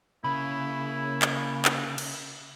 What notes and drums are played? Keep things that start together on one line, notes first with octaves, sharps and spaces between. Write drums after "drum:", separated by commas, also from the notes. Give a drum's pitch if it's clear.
C#3 A#3 E4 B5
drum: clap
drum: clap
drum: cymbal